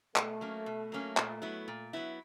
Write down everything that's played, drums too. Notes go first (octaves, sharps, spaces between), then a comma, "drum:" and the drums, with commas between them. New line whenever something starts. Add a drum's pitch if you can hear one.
B2 A3, drum: clap
F#3 A#3 C#4
B2
F#3 A#3 C#4
A#2, drum: clap
F#3 B3 E4
A#2
F#3 B3 E4